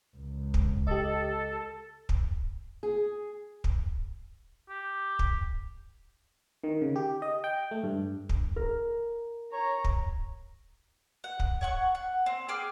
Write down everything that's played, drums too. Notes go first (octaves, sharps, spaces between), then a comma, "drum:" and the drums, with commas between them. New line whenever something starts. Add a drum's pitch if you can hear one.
C#2
drum: kick
G4 A4 D#5
drum: kick
G#4
drum: kick
G4
drum: kick
D#3
C#3
G4
D#5
G5
A3
G2
drum: kick
A#4
C#5 A#5
drum: kick
F#5
drum: kick
C#5 F#5 C#6
F#5
C4
G#4 G5 D6 F6